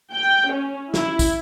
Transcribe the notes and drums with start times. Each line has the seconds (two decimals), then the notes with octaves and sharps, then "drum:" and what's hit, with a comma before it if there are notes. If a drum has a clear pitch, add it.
0.13 G5
0.52 C#4
0.94 E4, drum: snare
1.19 drum: kick, tambourine